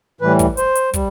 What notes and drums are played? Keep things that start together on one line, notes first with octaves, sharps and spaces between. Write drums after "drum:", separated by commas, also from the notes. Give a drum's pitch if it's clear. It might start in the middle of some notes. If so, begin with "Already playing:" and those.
A2 E3 G3 B4
drum: kick, hi-hat
C5, drum: hi-hat
drum: hi-hat
G3, drum: kick, hi-hat